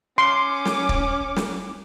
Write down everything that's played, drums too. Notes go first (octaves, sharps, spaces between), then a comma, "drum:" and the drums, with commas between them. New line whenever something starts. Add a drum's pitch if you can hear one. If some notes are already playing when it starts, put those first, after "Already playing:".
C#4 C6 D6
drum: snare
drum: kick
drum: snare